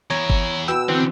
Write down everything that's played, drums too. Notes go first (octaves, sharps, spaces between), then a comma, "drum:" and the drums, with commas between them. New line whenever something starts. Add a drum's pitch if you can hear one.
E2 E4 C#5 A#5 G#6
drum: kick G1
B2 G5 E6
D3 E3 C4